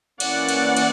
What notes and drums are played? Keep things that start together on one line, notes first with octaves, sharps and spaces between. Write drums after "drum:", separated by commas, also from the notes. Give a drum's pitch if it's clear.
E3 A#3 C#4 D5 F#5, drum: cymbal
drum: cymbal
drum: cymbal